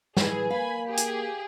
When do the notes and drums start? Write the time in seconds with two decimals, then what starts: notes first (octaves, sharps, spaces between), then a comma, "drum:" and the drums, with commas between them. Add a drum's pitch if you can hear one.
0.17 A2 E3 G#4, drum: snare
0.50 A#3 F5 G#5 B5
0.88 G4 G#4
0.97 drum: hi-hat